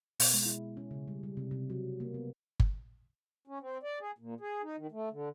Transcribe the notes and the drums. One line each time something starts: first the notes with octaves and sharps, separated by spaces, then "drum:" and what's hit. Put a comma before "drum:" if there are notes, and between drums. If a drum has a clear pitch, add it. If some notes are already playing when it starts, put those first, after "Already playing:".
B2, drum: open hi-hat
G#3
E4
C#4
C#3
G3
G3
C3
C3
F#3
A#3
B3
drum: kick G1
C#4
C4
D5
G#4
A#2
G#4
D#4
D#3
A3
D3